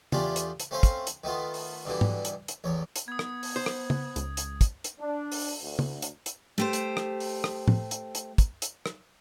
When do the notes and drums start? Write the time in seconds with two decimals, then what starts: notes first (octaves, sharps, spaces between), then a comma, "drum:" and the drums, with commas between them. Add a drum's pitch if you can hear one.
0.12 E2 A3 D4 F4 G4 G#4, drum: tom
0.36 drum: hi-hat
0.60 drum: hi-hat
0.71 A3 C4 C#4 C5 F5
0.83 drum: kick, hi-hat
1.07 drum: hi-hat
1.24 D#3 A3 B3 F4
1.54 drum: open hi-hat
1.85 G2 B2 D3 E3
2.01 drum: tom G#2
2.25 drum: hi-hat
2.48 drum: hi-hat
2.64 A1 E2 C#5
2.96 drum: hi-hat
3.08 B3 D#6 G#6
3.19 drum: rim click
3.43 drum: open hi-hat
3.56 C5
3.66 drum: rim click
3.90 drum: tom
4.16 C#2, drum: hi-hat
4.37 drum: hi-hat
4.61 drum: kick, hi-hat
4.84 drum: hi-hat
4.99 D4
5.32 drum: open hi-hat
5.60 D2
5.79 drum: tom
6.02 drum: hi-hat
6.26 drum: hi-hat
6.58 A3 G4 C5
6.73 drum: hi-hat
6.97 drum: rim click
7.20 drum: open hi-hat
7.44 drum: rim click
7.68 drum: tom
7.91 drum: hi-hat
8.15 drum: hi-hat
8.38 drum: kick, hi-hat
8.62 drum: hi-hat
8.86 drum: rim click